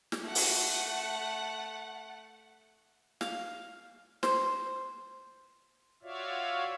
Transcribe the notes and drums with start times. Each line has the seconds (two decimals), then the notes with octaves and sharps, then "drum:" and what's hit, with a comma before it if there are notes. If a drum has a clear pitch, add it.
0.12 drum: snare
0.23 A3 F#5
0.35 drum: open hi-hat
3.21 F5, drum: snare
4.23 C5, drum: snare
6.03 F4 F#4 C#5 D5 E5 F5